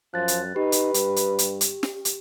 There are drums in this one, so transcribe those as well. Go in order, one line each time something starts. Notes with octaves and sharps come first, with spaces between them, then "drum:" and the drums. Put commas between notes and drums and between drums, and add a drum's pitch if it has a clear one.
F#2 F3 F#6 A6
drum: hi-hat
D#4 G4 B4
drum: hi-hat
G2, drum: hi-hat
drum: hi-hat
drum: hi-hat
drum: hi-hat
drum: snare
drum: hi-hat